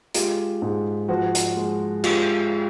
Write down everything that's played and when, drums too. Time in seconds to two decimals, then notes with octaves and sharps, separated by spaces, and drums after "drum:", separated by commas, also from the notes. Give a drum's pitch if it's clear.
0.14 G#3 F4 G4, drum: hi-hat
0.62 G#2
1.09 F3 F#4
1.35 drum: hi-hat
1.57 G#3
2.04 G#3 F4 G4, drum: cymbal